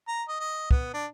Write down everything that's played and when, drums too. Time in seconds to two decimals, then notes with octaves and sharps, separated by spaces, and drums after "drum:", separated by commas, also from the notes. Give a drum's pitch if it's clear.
0.08 A#5
0.28 D#5
0.40 D#5
0.71 B3, drum: kick
0.94 D4